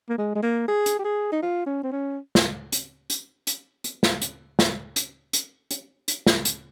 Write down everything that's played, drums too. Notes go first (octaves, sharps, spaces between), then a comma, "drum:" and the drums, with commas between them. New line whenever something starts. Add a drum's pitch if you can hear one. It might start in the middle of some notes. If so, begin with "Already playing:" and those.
A#3
G#3
G#3
A#3
G#4
drum: hi-hat
G4
G#4
D#4
F4
C#4
C4
C#4
drum: snare
drum: hi-hat
drum: hi-hat
drum: hi-hat
drum: hi-hat
drum: snare
drum: hi-hat
drum: snare
drum: hi-hat
drum: hi-hat
drum: hi-hat
drum: hi-hat
drum: snare
drum: hi-hat